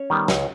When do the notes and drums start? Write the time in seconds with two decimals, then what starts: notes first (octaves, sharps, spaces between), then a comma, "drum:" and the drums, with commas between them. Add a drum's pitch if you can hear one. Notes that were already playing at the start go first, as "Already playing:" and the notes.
Already playing: C#4 C#5
0.10 D#3 G3 B3
0.28 C#2, drum: snare